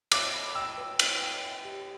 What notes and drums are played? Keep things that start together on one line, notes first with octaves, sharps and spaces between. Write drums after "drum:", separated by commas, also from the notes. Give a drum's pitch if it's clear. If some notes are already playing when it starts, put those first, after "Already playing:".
E5 D6, drum: cymbal
B5
G5 E6
B4
B4, drum: cymbal
G5
E5
G4